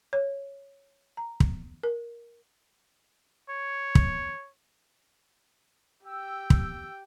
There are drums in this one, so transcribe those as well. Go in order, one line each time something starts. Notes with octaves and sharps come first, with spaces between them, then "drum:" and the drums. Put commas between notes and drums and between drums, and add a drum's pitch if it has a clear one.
C#5
A#5
drum: kick
A#4
C#5
drum: kick
G4 G5 E6
drum: kick